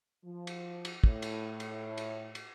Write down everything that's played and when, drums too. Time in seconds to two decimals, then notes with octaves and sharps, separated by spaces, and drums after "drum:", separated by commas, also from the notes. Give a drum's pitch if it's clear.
0.24 F3
0.47 drum: cymbal
0.85 drum: cymbal
1.04 A2, drum: kick
1.22 drum: cymbal
1.60 drum: cymbal
1.98 drum: cymbal
2.35 drum: cymbal